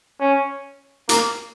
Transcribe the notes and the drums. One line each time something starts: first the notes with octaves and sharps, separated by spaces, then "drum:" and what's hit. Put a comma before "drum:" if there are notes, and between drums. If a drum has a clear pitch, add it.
C#4
A#3, drum: hi-hat